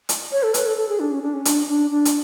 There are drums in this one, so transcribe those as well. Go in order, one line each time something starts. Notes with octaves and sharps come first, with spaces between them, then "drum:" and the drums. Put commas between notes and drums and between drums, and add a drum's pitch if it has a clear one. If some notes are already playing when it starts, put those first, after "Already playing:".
drum: hi-hat
C#5
A4
B4, drum: hi-hat
A4
A4
G#4
D4
C#4
D4
C#4
D4, drum: hi-hat
D4
D4
drum: hi-hat